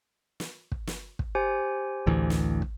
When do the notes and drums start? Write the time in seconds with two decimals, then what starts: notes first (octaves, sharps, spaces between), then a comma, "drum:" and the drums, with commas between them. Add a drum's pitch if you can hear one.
0.40 drum: snare
0.72 drum: kick
0.87 drum: snare
1.19 drum: kick
1.35 G4 C5 G#5
2.07 A1 D2 E3
2.30 drum: snare
2.62 drum: kick